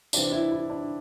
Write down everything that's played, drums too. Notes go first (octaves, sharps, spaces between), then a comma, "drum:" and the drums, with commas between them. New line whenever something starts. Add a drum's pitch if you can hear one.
C3 E3 G3 C4 D4 F4, drum: tambourine
E4
E4
D4